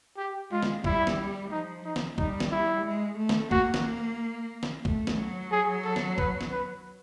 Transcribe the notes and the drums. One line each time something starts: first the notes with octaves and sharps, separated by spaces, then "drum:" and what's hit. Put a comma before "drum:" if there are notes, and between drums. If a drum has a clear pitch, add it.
G4
G#3 F4
drum: snare
G3 E4, drum: kick C2
drum: snare
F3 D#4
D#4
drum: snare
G3 D#4, drum: kick C2
drum: snare
E4
G#3
A3
drum: snare
A#3 F#4, drum: kick C2
drum: snare
drum: snare
A3, drum: kick C2
drum: snare
F#3
G#4
A4
drum: snare
B4, drum: kick C2
drum: snare
B4